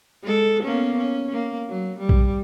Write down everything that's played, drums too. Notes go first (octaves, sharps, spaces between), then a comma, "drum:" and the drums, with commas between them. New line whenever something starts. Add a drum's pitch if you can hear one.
G#3 A4
A#3 B3 C#4
C#4
A#3
F#3
G3
drum: kick A#1